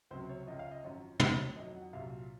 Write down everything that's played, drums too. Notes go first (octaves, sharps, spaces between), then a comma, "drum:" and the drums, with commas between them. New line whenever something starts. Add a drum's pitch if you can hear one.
C#2 C3 F#3 C5
C#5
C#2 C#3 F3 D#5
F5
D#5
G#1 F#2 F3 C#5
C2 C3 F#3, drum: tom
C#5
F2 D#3 F#3 D#5
F#5
C2 A#2 F#3 F5